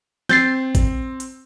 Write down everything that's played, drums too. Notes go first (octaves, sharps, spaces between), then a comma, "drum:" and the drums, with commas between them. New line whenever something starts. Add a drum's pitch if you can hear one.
C4 G6 A6 C7, drum: snare
drum: kick A1, hi-hat
drum: hi-hat